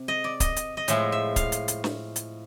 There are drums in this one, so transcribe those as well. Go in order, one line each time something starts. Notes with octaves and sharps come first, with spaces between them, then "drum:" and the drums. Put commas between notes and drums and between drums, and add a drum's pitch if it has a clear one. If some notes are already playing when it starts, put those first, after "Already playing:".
Already playing: C3
D#5
D5
D#5, drum: kick C#1, hi-hat
drum: hi-hat
D#5
A2 F3 G#3 E5, drum: hi-hat
E5
F5, drum: kick C#1, hi-hat
drum: hi-hat
drum: hi-hat
drum: snare
drum: hi-hat